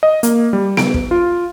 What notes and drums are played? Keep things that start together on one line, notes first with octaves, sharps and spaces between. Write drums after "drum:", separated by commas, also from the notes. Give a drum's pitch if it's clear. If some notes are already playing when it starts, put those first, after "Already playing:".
D#5
A#3, drum: hi-hat
G3
D7, drum: snare B3
drum: kick
F4